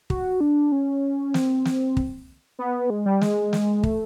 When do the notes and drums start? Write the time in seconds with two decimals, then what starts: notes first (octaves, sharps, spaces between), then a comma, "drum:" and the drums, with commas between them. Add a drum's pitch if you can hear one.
0.10 F#4, drum: kick
0.41 D4
0.72 C#4
1.34 C4, drum: snare
1.65 drum: snare
1.97 drum: kick
2.59 B3
2.90 G#3
3.06 G3
3.21 G#3, drum: snare
3.53 drum: snare
3.83 A3, drum: kick